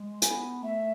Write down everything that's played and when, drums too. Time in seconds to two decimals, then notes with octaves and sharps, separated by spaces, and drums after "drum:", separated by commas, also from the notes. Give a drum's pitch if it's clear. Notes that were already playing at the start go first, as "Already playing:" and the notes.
Already playing: G#3
0.22 B3 G#5, drum: hi-hat
0.62 A3 E5